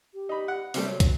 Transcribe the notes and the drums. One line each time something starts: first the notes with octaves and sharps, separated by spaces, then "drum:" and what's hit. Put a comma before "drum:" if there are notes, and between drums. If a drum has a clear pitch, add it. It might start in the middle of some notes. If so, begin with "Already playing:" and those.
G4
D#4 B5
F#5
C3 G3 A3, drum: open hi-hat
F#3 C#5
drum: kick, hi-hat